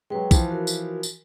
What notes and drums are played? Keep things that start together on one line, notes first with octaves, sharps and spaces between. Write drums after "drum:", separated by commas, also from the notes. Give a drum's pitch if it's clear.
F#3 G#3 B4 G5
E3 F3, drum: kick, tambourine
F#4 A#4
drum: tambourine
drum: tambourine